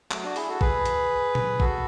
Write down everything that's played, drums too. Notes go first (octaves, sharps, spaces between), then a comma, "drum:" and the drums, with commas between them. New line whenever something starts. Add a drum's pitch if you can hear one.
F#3 A3, drum: clap
D4 F#4
E4 G#4, drum: open hi-hat
F#4 A4
G#4 B4, drum: kick A1
drum: hi-hat
drum: tom A#2
F#4 A4, drum: kick A1